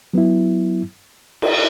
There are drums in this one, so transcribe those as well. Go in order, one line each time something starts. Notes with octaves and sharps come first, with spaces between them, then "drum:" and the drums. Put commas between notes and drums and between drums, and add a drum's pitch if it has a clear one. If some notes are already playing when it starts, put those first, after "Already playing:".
F#3 B3 E4
drum: cymbal